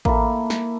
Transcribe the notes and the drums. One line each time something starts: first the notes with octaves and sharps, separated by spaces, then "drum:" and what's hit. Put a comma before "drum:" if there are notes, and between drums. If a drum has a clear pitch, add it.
A#3 E4 A4, drum: kick A1
drum: snare